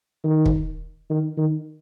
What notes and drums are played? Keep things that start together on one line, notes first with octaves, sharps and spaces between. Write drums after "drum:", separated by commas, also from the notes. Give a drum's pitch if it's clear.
D#3
drum: kick
D#3
D#3